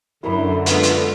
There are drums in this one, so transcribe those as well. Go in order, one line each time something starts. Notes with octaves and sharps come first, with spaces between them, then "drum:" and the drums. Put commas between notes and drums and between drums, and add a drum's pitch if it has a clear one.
F#2 D3 E4 A#4 B5
G#3 B3 F4, drum: hi-hat
drum: hi-hat